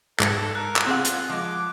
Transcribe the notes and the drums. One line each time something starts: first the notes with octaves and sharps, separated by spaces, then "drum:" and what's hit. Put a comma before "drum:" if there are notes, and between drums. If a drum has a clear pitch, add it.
G#2 A4 G#6 C#7, drum: clap
A#4 F#6
drum: clap
C4 F4 G#4 F#5
drum: hi-hat
F3 G#3 D6